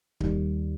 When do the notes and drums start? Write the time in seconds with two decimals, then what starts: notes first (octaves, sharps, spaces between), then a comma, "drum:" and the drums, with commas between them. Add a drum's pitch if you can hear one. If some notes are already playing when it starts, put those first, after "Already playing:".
0.20 D#2 D#3 G3, drum: kick D1